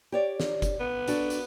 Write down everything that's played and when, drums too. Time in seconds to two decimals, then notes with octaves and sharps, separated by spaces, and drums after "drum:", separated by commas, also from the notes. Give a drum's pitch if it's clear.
0.12 G4 C#5 D5
0.40 drum: snare
0.62 drum: kick F#1, hi-hat
0.80 B3
1.08 D4 F#4 A4, drum: hi-hat
1.30 drum: hi-hat